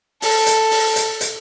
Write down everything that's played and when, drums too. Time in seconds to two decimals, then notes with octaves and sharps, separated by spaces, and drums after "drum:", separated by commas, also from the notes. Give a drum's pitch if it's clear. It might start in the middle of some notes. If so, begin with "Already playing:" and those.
0.22 A4, drum: open hi-hat
0.46 drum: hi-hat
0.71 drum: open hi-hat
0.96 drum: hi-hat
1.21 drum: hi-hat